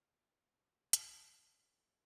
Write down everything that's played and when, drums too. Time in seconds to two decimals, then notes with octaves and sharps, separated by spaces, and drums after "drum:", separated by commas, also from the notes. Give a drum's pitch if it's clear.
0.03 F5 G5 A5
0.93 drum: hi-hat